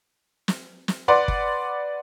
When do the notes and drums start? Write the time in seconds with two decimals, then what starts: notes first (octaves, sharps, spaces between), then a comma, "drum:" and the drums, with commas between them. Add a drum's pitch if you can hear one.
0.48 drum: snare
0.88 drum: snare
1.08 B4 D5 F#5 C6
1.28 drum: kick G1